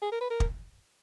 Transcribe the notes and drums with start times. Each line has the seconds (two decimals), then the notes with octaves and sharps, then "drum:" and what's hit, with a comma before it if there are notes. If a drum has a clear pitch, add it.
0.02 G#4
0.12 A#4
0.21 B4
0.30 A#4
0.40 drum: kick